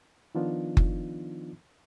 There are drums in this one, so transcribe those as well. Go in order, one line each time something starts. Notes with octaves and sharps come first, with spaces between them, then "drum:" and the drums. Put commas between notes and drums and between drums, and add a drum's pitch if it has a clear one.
D#3 F3 B3 D4 D#4 F4
drum: kick F#1